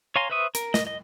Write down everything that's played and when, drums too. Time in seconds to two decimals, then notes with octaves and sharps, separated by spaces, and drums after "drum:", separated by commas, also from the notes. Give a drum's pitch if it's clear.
0.16 C#5 F5 G#5 A#5 C6
0.30 B4 C5 E5 C#6 D#6
0.55 A#4, drum: hi-hat
0.74 D#5, drum: snare
0.87 D#5